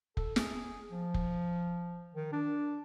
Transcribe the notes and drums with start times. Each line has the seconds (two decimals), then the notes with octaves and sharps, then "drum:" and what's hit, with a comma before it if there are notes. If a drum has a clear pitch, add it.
0.17 A4, drum: kick F1
0.36 G#4, drum: snare
0.91 F3
1.14 drum: kick F1
2.14 D#3
2.32 D4